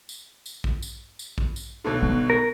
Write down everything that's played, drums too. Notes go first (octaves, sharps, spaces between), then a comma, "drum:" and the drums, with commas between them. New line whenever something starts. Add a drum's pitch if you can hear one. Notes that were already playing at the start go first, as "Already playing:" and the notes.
drum: tambourine
drum: tambourine
drum: kick A#1
drum: tambourine
drum: tambourine
drum: kick A#1
drum: tambourine
B1 B2 D3
B3
A#4